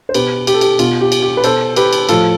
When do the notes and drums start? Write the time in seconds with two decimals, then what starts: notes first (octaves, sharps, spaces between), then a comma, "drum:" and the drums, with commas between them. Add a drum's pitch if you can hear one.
0.09 C5
0.14 B2 G4 B4, drum: cymbal
0.47 G4, drum: cymbal
0.54 A4
0.61 G4, drum: cymbal
0.79 B2 F4, drum: cymbal
1.01 G4
1.12 drum: cymbal
1.22 G4
1.37 B4
1.44 B2 A4 C5, drum: cymbal
1.76 G4 B4, drum: cymbal
1.93 drum: cymbal
2.09 A2 F3 F4 A4, drum: cymbal